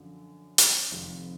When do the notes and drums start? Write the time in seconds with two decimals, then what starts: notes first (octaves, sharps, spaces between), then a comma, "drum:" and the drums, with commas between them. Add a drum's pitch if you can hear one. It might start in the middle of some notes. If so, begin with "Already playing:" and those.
Already playing: F#2 D3 F3
0.58 drum: hi-hat
0.91 F1 F2 C3 D#3